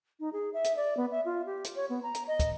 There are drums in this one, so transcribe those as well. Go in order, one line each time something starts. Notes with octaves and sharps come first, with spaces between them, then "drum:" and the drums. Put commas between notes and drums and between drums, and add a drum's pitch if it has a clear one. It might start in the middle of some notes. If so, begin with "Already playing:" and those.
D#4
G#4
E5
drum: hi-hat
D5
B3
E5
F4
G4
drum: hi-hat
C#5
B3
A#5
drum: hi-hat
D#5
drum: kick, hi-hat